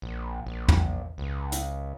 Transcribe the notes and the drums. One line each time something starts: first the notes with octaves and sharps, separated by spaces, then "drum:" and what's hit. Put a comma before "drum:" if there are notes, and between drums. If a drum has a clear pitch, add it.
A#1
A#1
drum: tom E2
C#2
drum: hi-hat